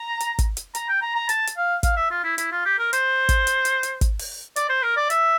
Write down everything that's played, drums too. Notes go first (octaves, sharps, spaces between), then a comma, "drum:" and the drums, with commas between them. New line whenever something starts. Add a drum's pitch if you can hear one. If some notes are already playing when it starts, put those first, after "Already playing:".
Already playing: A#5
drum: hi-hat
drum: kick, hi-hat
drum: hi-hat
A#5, drum: hi-hat
G5
A#5
A#5
A5, drum: hi-hat
drum: hi-hat
F5
F5, drum: kick, hi-hat
E5
F4
E4
E4, drum: hi-hat
F4
G4
A#4
C5, drum: hi-hat
drum: kick, hi-hat
drum: hi-hat
drum: hi-hat
drum: hi-hat
drum: kick, hi-hat
drum: open hi-hat
D5, drum: hi-hat
C5
A#4
D5
E5, drum: hi-hat